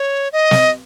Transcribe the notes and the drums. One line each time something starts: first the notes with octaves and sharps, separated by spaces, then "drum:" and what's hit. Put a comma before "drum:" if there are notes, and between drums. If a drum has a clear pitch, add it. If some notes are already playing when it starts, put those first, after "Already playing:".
Already playing: C#5
D#5
drum: snare